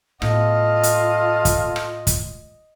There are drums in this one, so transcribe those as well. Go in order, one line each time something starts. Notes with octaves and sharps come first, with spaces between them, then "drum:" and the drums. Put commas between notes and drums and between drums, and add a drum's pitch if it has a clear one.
A2 B3 F4 A4 D#5 F5, drum: rim click
drum: hi-hat
drum: kick, hi-hat
drum: rim click
drum: kick, hi-hat